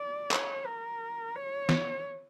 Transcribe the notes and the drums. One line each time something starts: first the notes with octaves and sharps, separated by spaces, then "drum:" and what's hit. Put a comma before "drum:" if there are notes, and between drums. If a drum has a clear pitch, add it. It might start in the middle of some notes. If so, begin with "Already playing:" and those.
Already playing: D5
C#5, drum: clap
A#4
C#5
drum: snare